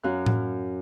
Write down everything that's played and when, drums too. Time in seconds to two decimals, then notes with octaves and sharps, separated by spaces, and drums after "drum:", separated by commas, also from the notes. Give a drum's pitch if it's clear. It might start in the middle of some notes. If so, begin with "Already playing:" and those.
0.03 F#2 F5 F#6
0.26 drum: tom A2